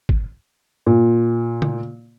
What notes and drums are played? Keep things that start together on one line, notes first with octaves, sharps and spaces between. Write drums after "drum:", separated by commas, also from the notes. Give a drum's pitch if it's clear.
drum: kick
A#2
drum: tom